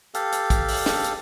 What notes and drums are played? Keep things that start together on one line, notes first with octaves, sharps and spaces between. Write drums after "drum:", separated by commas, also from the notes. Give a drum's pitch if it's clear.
G4 A4 F5, drum: hi-hat
drum: hi-hat
drum: kick, hi-hat
drum: open hi-hat
drum: snare
drum: hi-hat